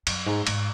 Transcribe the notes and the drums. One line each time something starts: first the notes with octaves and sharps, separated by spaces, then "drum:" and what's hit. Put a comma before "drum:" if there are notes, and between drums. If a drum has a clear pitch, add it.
F#2, drum: cymbal
G#2
G#2, drum: cymbal